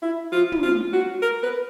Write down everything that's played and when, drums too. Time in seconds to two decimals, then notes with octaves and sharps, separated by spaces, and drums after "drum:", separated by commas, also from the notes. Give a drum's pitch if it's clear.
0.02 E4
0.32 F4
0.52 drum: tom
0.63 F4
0.93 F#4
1.22 A#4
1.43 B4